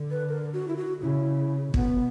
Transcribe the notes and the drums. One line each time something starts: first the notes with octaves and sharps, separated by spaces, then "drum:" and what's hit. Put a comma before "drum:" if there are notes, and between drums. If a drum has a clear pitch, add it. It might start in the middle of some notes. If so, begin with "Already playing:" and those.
Already playing: D3
B4
A#4
F#4
E4
F#4
C#3 E4
B2 B3, drum: kick